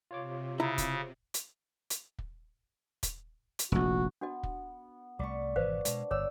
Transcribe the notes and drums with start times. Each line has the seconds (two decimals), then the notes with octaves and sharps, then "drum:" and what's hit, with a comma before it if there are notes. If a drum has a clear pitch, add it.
0.11 C3 F4 C#5 D6
0.60 C#3 E4 A#5
0.78 drum: kick, hi-hat
1.34 drum: hi-hat
1.90 drum: hi-hat
2.18 drum: kick
3.03 drum: kick, hi-hat
3.59 drum: hi-hat
3.72 F1 A#1 F#4
4.21 B3 D4 F#4 D#5
4.43 drum: kick
5.19 C2 G3 A3 D5 C#6
5.56 G#1 B2 E3 B4 C5 F5
5.85 B2 G#3 D4 D#5, drum: hi-hat
6.11 G1 C#5 D5 E6